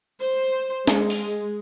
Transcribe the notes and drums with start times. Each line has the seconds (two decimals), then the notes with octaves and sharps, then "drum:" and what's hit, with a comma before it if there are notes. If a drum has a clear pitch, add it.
0.19 C5
0.87 G#3, drum: snare
1.10 drum: open hi-hat